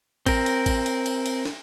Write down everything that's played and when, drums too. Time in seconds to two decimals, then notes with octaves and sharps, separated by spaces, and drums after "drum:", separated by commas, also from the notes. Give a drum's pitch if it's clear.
0.26 C4 A#4, drum: kick A1, cymbal
0.46 drum: cymbal
0.66 drum: kick A1, cymbal
0.86 drum: cymbal
1.06 drum: cymbal
1.26 drum: cymbal
1.45 drum: snare